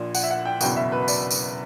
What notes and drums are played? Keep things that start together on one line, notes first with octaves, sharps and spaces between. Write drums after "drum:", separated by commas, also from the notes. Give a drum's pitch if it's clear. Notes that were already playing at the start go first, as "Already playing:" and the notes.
Already playing: A#1 A#2
F#5, drum: tambourine
E5
F#5
G5
F#1 E2 B2 G5, drum: tambourine
E5
B4
D5, drum: tambourine
drum: tambourine